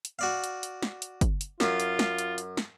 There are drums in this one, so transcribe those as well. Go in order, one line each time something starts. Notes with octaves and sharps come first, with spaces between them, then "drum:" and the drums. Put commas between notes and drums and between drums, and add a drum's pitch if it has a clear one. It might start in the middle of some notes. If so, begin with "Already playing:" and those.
drum: hi-hat
F#4 D5 F5
drum: hi-hat
drum: hi-hat
drum: snare
drum: hi-hat
drum: kick, hi-hat
drum: hi-hat
F#2 F4, drum: snare
drum: hi-hat
drum: snare
drum: hi-hat
drum: hi-hat
drum: snare